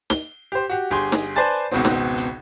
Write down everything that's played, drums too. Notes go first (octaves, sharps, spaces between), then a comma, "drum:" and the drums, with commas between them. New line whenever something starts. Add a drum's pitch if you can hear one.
G7, drum: snare
G4 C5
F#4 G4
G1 G4 G#4 G#5 C6
drum: snare
B4 C5 D5 G#5 A5 A6
G#1 C#2 B2 B3 C4
drum: snare
drum: hi-hat